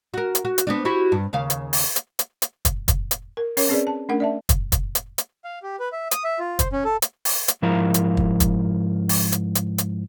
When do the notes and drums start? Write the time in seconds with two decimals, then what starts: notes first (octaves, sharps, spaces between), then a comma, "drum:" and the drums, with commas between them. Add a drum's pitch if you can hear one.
0.14 F#4 A#4
0.35 drum: hi-hat
0.45 F#4
0.58 drum: hi-hat
0.67 B3 C4 D4
0.85 E4 F#4 G4
1.12 G2
1.33 D#2 C#3 F5
1.50 drum: hi-hat
1.73 drum: open hi-hat
1.96 drum: hi-hat
2.19 drum: hi-hat
2.42 drum: hi-hat
2.65 drum: kick, hi-hat
2.88 drum: kick, hi-hat
3.11 drum: hi-hat
3.37 A#4
3.57 C#4 A#4 C#5, drum: open hi-hat
3.69 C4 C#4 G#4 B4 D5
3.87 A5
4.09 A3 C#4 D4 A#4 F#5
4.20 D5 E5 A5
4.49 drum: kick, hi-hat
4.72 drum: kick, hi-hat
4.95 drum: hi-hat
5.18 drum: hi-hat
5.44 F5
5.63 G4
5.80 B4
5.92 E5
6.11 D#6, drum: hi-hat
6.24 E5
6.39 F4
6.59 C5, drum: kick, hi-hat
6.73 C#4
6.85 A4
7.02 drum: hi-hat
7.25 drum: open hi-hat
7.48 drum: hi-hat
7.62 G#2 F3 E4 A#4 F5 A#5
7.94 drum: hi-hat
8.17 drum: kick
8.40 drum: kick, hi-hat
9.09 drum: open hi-hat
9.32 drum: hi-hat
9.55 drum: hi-hat
9.78 drum: hi-hat